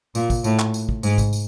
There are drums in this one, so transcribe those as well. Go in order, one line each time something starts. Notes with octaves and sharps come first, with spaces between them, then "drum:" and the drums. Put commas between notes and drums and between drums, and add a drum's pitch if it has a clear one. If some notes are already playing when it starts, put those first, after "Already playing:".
A#2, drum: tambourine
drum: kick, tambourine
A2, drum: tambourine
drum: clap
drum: tambourine
drum: kick
G#2, drum: tambourine
drum: kick, tambourine
drum: tambourine